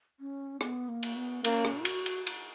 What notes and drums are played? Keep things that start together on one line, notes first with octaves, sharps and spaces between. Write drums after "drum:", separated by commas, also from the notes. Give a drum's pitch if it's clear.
C#4
B3, drum: rim click
A#3
drum: cymbal
B3
A#3 C#4, drum: cymbal
drum: rim click
F#4, drum: cymbal
drum: cymbal
drum: cymbal